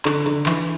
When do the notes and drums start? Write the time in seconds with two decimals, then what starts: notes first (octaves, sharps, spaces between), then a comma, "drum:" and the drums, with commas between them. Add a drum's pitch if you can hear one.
0.05 D3, drum: clap
0.26 D3, drum: hi-hat
0.46 E3, drum: clap